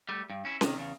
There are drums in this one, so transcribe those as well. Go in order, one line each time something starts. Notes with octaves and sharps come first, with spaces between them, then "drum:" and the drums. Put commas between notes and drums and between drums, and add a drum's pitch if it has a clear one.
G3 A3
G2
C#4 E4
C3 D#3, drum: snare C#4
E2 C#3